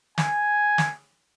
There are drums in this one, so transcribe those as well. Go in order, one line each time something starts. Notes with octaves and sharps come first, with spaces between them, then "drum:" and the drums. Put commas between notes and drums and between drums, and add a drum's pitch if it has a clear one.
G#5, drum: snare
drum: snare